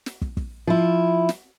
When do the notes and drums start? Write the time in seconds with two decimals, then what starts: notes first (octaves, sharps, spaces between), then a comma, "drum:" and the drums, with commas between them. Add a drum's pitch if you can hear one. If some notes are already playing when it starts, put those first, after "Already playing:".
0.06 drum: snare
0.22 drum: kick
0.37 drum: kick
0.67 F3 E4
1.29 drum: snare